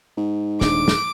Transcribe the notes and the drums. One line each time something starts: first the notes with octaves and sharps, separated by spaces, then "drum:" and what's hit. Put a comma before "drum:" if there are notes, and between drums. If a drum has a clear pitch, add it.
G#2
D#1 D4 D6, drum: snare
drum: snare